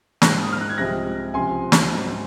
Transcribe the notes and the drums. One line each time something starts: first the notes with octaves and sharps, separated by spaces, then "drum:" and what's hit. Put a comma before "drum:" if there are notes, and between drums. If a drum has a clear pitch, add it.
G#2 D#3 G#3 F#6 A#6, drum: snare
D#6
F6
F#6
G#6
C2 C3 F3 G#3 F#6 A#6
C#2 C3 F3 G#5 C6
drum: snare
G#2 F#3